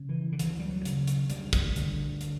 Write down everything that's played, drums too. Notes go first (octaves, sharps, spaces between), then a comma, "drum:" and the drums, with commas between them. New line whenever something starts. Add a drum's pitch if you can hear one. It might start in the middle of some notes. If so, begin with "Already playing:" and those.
Already playing: C#3
E3
D3
D2 E3, drum: hi-hat
G3
F#3
C#3, drum: hi-hat
drum: hi-hat
D2 G3, drum: hi-hat
drum: kick, hi-hat
D3, drum: hi-hat
drum: hi-hat